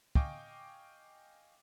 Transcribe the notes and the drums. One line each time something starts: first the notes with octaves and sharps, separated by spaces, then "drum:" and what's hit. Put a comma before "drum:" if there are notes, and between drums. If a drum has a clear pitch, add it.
D#5 F5 G5 G#5 C#6 D6, drum: kick